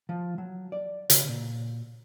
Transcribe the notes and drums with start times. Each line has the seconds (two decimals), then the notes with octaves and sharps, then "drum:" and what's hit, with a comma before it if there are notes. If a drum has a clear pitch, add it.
0.09 F3
0.38 F#3
0.72 D5
1.10 C#3, drum: hi-hat
1.29 A#2